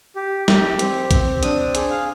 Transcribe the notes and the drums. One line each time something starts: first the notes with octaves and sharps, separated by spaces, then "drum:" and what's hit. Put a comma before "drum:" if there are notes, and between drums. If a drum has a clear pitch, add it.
G4
G4, drum: snare
C4, drum: hi-hat
C4, drum: kick B1, hi-hat
D4 D#6, drum: hi-hat
G#4, drum: hi-hat
F5